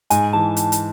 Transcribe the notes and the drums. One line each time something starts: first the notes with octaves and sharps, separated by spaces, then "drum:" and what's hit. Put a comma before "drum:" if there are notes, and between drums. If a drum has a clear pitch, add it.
G#2 G#5, drum: hi-hat
E3 A5
drum: hi-hat
drum: hi-hat